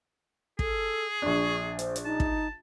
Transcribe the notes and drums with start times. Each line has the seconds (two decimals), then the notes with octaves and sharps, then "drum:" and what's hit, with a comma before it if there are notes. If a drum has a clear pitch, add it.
0.59 G#4 A4, drum: kick
1.22 A#1 D4 C#6
1.79 C5, drum: hi-hat
1.96 drum: hi-hat
2.05 D#4 A5
2.20 drum: kick